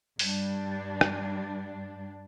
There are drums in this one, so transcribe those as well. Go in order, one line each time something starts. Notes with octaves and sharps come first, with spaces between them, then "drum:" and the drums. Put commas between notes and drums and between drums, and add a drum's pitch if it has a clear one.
G2 G3 D4, drum: open hi-hat
drum: rim click